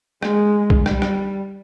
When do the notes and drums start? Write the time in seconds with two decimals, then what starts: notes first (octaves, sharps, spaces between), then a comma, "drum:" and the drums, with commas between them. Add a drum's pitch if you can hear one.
0.23 G#3, drum: rim click
0.70 drum: kick
0.86 G3, drum: rim click
1.02 drum: rim click